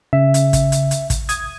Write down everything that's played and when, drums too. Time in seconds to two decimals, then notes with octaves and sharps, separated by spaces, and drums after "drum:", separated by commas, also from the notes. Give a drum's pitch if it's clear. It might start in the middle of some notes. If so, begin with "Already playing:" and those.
0.13 C#3 E5
0.34 drum: hi-hat
0.53 drum: kick, hi-hat
0.72 drum: hi-hat
0.91 drum: hi-hat
1.10 drum: kick, hi-hat
1.29 D#6 G#6, drum: hi-hat